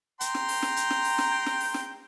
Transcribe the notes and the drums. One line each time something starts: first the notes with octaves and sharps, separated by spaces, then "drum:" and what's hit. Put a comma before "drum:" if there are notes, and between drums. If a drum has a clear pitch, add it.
G5 A#5 C6, drum: hi-hat
drum: snare
drum: open hi-hat
drum: snare
drum: hi-hat
drum: snare
drum: open hi-hat
drum: snare
drum: snare
drum: open hi-hat
drum: snare